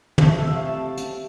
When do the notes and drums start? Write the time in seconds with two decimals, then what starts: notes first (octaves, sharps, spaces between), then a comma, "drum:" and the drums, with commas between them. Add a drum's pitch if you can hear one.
0.18 C3 F3 A3 G5, drum: tom
0.41 E5
0.48 F5
0.66 A5
0.98 drum: hi-hat